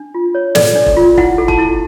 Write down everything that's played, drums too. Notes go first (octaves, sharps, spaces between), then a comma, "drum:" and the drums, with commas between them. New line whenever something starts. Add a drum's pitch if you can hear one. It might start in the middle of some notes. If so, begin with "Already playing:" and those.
Already playing: D4
F4
C#5
A4 D5, drum: snare
D4
drum: kick E1
F4
E4 F#5, drum: kick E1
A4
A5, drum: kick E1
E4